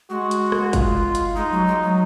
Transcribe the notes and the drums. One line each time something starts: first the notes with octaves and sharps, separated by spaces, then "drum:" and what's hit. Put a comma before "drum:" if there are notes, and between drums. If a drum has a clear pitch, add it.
G#3 F#4
drum: hi-hat
drum: rim click
F4, drum: kick, hi-hat
drum: hi-hat
G#3 D#4
F#3
G#3
F#3